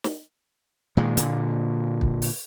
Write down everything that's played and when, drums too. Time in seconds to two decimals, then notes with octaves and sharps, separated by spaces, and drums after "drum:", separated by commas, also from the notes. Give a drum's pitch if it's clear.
0.04 drum: snare
0.97 A#2 D#3 G#3
1.17 A#2 D3, drum: hi-hat
2.01 drum: kick
2.22 drum: open hi-hat